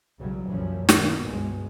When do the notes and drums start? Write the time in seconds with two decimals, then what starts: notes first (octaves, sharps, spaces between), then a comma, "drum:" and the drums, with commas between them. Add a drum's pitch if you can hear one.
0.19 B1 E2 C#3 E3 F#3 G3
0.48 C2 F#2 A#2 E3 F3 C#4
0.89 D#2 A#2 D#3 A#3 B3, drum: snare
1.22 G1 C#2 G2 B2 G#3